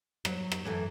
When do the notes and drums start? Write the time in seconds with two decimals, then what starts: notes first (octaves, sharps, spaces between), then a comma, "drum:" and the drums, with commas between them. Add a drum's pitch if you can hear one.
0.25 F#3, drum: rim click
0.52 drum: rim click
0.65 F#2 E3 A3